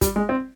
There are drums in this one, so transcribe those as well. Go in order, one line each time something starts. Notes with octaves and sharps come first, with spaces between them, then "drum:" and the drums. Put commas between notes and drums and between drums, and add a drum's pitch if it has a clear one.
G3, drum: kick, hi-hat
G#3
C4